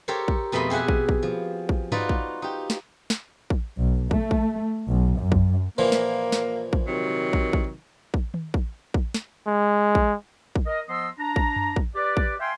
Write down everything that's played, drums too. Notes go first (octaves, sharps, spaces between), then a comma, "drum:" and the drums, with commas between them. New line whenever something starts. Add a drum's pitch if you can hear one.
G4 A4 A#4 C5 C#5
drum: kick
F2 B2 A3 D#5 B5 C6
G4 G#4 E5 F#5 G#5
drum: kick
drum: kick
F3
drum: kick
D#4 F4 F#4 B4 D5, drum: tom G2
drum: kick
D#4 G4
drum: snare
drum: snare
drum: kick
B1
A3, drum: kick
drum: kick
B1
F#2
drum: kick
A#2 E3 F3 A#3
drum: snare
drum: snare
drum: kick
C3 D#3 F#3
drum: kick
drum: kick
drum: kick
drum: tom D#3
drum: kick
drum: kick
drum: snare
G#3
drum: kick
drum: kick
A#4 D#5
F3 B3 D#5 C6 E6
D4 A#5
drum: kick
drum: tom F#2
drum: kick
G4 B4 D5
drum: kick
E5 F5 G5 G#5 C6